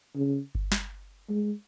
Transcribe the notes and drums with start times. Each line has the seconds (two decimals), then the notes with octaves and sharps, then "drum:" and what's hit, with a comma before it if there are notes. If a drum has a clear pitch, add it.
0.15 C#3
0.55 drum: kick G1
0.72 drum: snare
1.29 G#3